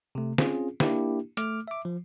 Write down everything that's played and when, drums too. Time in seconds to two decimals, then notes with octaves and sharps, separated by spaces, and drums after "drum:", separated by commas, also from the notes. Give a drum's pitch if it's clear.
0.15 C3 A3
0.38 C4 C#4 F4 G#4, drum: snare
0.80 A#3 D4 E4 G4, drum: snare
1.37 A3 D6 F6, drum: hi-hat
1.68 E5 D6
1.85 F3